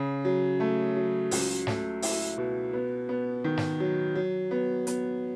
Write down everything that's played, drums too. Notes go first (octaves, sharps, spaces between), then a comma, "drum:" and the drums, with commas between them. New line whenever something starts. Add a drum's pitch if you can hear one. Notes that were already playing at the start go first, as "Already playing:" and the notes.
Already playing: C#3
F#3
A3
F#3
C#2, drum: open hi-hat
A3, drum: snare
E4, drum: open hi-hat
B2
B3
B3
D#3
drum: snare
F#3
F#3
B3
B3, drum: hi-hat